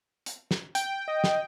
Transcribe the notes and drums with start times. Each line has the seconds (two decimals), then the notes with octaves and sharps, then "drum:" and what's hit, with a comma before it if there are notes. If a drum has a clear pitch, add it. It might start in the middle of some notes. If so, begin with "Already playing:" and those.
0.26 drum: hi-hat
0.51 drum: snare
0.75 G5, drum: hi-hat
1.08 D#5
1.24 drum: snare